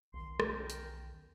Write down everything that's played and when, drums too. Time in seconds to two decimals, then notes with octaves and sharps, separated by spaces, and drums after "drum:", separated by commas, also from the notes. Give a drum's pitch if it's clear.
0.13 B1 E2 D#3 C6
0.40 C#4 A#4 G5, drum: rim click
0.70 drum: hi-hat